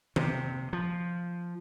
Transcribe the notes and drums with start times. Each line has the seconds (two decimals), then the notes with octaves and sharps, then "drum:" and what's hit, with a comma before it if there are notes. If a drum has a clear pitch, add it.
0.16 C3, drum: tom D#3
0.73 F3